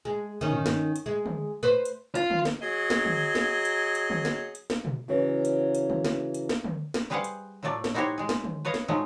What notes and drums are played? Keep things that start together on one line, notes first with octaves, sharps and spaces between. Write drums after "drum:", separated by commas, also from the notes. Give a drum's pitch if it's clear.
G#3
D#3 C#4
drum: tom G2
drum: snare
drum: hi-hat
G#3
drum: tom
B4 C5
drum: hi-hat
F4, drum: hi-hat
drum: tom
drum: snare
F#3 G#4 D#5
drum: snare
drum: tom
drum: snare
drum: hi-hat
drum: hi-hat
drum: tom
drum: snare
drum: hi-hat
drum: snare
drum: tom
C#3 E3 F#3
drum: hi-hat
drum: hi-hat
drum: tom
drum: snare
drum: hi-hat
drum: snare
drum: tom
drum: snare
G3 G#4 B4 C5 F5 F#5
drum: hi-hat
A2 F3 F#3 A3 D5
drum: snare
D#4 E4 F#4 G4 C5 C#5
G#3 G#4
drum: snare
drum: tom
B4 C#5 D#5 F5
drum: snare
F3 F#3 G#3 A3 D#4